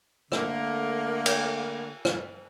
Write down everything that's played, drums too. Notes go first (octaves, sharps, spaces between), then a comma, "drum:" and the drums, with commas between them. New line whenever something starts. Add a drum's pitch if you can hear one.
D3 A3 A#3, drum: rim click
drum: cymbal
drum: rim click